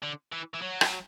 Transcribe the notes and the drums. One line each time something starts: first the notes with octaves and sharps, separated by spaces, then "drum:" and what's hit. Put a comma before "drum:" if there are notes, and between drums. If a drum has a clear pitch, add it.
D3
E3
E3
F#3
drum: rim click